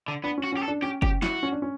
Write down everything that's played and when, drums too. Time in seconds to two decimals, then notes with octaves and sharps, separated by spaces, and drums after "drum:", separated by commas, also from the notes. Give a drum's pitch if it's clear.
0.08 D3
0.24 B3 D4
0.38 C#4
0.44 F#4
0.52 C#4 G4
0.63 A4
0.68 D4
0.82 C#4 G4
1.02 C#4 G4, drum: kick F#1
1.22 E4 F#4, drum: snare
1.43 C#4
1.53 D4
1.62 C#4